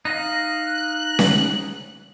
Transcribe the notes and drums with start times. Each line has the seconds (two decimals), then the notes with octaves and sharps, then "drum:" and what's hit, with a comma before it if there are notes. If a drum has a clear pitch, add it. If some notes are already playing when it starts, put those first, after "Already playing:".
0.05 D#4 D#5 F5 F#6
1.19 drum: snare C#4